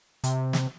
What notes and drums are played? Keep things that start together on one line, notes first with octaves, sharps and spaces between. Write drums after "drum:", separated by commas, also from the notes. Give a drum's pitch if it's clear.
C3, drum: hi-hat
drum: snare